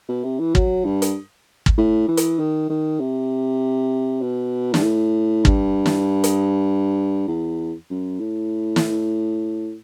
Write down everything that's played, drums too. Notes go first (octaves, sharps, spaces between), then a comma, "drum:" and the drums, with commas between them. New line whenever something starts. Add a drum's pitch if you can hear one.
B2
C3
E3
F#3, drum: kick
G2
drum: hi-hat
drum: kick
A2
E3
drum: hi-hat
D#3
D#3
C3
B2
G2, drum: snare
A2
G2, drum: kick
drum: snare
drum: hi-hat
E2
F#2
A2
drum: snare